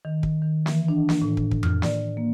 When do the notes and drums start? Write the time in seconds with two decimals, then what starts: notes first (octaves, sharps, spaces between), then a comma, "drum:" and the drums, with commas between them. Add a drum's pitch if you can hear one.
0.05 D#3
0.23 drum: kick
0.42 D#3
0.66 E3, drum: snare
0.88 D4
1.09 drum: snare
1.22 A2
1.37 drum: kick
1.51 drum: kick
1.63 F6, drum: tom F2
1.82 D5, drum: snare
2.17 A#3